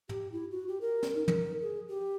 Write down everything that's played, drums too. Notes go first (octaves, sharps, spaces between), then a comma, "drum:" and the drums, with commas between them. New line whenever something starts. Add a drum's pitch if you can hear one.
G4, drum: tom
E4
F#4
G4
A#4
drum: snare
D#4
A#4, drum: tom
G#4
G4